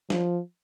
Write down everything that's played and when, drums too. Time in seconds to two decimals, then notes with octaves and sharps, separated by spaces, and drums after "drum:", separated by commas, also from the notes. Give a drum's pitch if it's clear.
0.10 F3, drum: snare